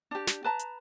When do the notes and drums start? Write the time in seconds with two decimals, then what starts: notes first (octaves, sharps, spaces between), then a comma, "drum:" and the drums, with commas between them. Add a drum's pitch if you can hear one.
0.11 D4 G4
0.27 drum: snare
0.44 B4 A5 A#5
0.59 drum: hi-hat